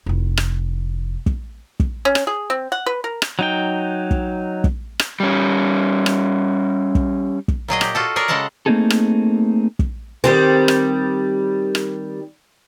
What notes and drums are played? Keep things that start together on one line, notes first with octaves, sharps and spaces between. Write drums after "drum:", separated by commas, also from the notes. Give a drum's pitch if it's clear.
F1 E4
drum: rim click
drum: kick
drum: kick
C#4
drum: rim click
G#4
C4
F#5
B4
A#4
drum: rim click
F#3 D#4 G5
drum: kick
drum: kick
drum: rim click
G3 C#4
drum: rim click
drum: kick
drum: kick
A#2 F#3 G#4 D#5
G4, drum: rim click
F4 F#4 A4
G#4 A#4 C#5 D5
C#3 G#3 A4 F#5 A5 A#5
A3 A#3 C4 D#4 G#4 A4
drum: rim click
drum: kick
D#3 G3 C4
drum: rim click
drum: rim click